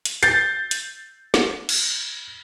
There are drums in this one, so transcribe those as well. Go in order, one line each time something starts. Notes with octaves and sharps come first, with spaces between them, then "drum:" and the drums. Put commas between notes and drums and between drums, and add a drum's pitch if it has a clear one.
drum: hi-hat
G6 A6 C7, drum: hi-hat
drum: hi-hat
drum: snare
drum: cymbal